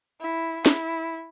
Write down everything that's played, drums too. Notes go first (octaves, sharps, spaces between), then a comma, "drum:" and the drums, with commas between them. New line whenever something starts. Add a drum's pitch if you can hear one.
E4
E4, drum: snare